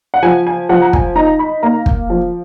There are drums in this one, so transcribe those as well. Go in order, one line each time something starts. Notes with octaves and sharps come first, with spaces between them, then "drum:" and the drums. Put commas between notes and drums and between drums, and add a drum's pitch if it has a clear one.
F#5
F3 G#5
G#5
F3 F#5
A#5
G#5, drum: kick
D#4 A#5
B5
A#3 A#5
drum: kick
F3